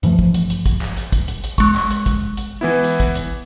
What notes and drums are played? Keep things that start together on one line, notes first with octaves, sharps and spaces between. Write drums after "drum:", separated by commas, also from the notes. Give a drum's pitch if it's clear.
G2 E3 F3 A3, drum: hi-hat
drum: kick
drum: hi-hat
drum: hi-hat
drum: kick, hi-hat
drum: clap
drum: hi-hat
drum: kick, hi-hat
drum: hi-hat
drum: hi-hat
G#3 C#6, drum: kick, hi-hat
drum: clap
drum: hi-hat
drum: kick, hi-hat
drum: hi-hat
E3 B3 E4
drum: hi-hat
drum: kick, hi-hat
drum: hi-hat